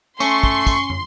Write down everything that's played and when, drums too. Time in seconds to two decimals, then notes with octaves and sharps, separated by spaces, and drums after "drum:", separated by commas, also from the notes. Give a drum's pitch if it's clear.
0.20 A3 C#4 C6 C#6, drum: tambourine
0.43 drum: kick
0.67 drum: kick, tambourine
0.90 drum: tom